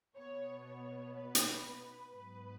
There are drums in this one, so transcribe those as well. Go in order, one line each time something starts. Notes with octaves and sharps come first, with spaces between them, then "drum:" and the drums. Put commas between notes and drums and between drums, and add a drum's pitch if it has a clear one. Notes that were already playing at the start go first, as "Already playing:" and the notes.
B2 B3 C#5
C#5
B4
drum: hi-hat
G#2 F#3 B3 B4